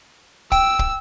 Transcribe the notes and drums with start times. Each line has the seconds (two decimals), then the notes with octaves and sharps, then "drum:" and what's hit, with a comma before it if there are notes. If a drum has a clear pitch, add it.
0.52 G5 E6, drum: kick
0.79 drum: kick